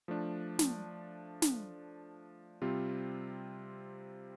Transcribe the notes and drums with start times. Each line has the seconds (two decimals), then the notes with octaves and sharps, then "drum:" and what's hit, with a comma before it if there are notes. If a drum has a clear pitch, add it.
0.08 F3 A3 D4
0.59 drum: snare
1.42 drum: snare
2.62 C3 G3 C4 F4